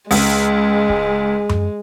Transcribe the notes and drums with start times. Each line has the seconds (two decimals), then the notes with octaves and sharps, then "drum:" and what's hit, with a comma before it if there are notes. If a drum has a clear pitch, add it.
0.11 C#2 G#3, drum: open hi-hat
0.90 drum: kick C#1
1.49 drum: tom F#2